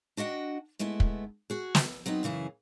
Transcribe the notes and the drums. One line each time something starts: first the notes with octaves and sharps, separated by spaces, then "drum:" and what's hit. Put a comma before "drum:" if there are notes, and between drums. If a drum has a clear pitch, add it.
D4 F#4 D#5 F#5 G5
G#3 A3 B3 E4
drum: kick
F#4 G#4
drum: snare
F#3 B3 C4 D#4
F#2 C#3 E3 G#4